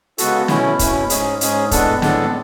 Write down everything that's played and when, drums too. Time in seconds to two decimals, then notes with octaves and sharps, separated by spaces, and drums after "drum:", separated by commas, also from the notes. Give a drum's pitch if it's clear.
0.18 C#3 G#3 B3 F#4 A4, drum: hi-hat
0.48 B2 A3 C#4 E4, drum: snare
0.79 B2 A3 C#4 E4, drum: kick, hi-hat
1.10 G#2 G#3 C#4 G#4, drum: hi-hat
1.41 G#2 G#3 C#4 G#4, drum: hi-hat
1.71 A2 G#3 B3 D4 A4, drum: kick, hi-hat
2.02 A2 G#3 B3 D4 A4, drum: snare